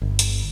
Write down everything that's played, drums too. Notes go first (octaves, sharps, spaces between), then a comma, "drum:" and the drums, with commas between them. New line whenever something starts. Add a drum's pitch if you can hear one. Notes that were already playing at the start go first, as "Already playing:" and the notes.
G1
drum: hi-hat